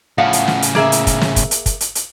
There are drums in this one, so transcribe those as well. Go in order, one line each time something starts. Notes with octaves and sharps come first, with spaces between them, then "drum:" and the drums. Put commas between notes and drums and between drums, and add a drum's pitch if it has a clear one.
A2 C#3 F3 F5 F#5
drum: hi-hat
drum: snare
drum: hi-hat
A#3 G#4 E5, drum: snare
drum: hi-hat
drum: kick, hi-hat
drum: snare
drum: kick, hi-hat
drum: hi-hat
drum: kick, hi-hat
drum: hi-hat
drum: hi-hat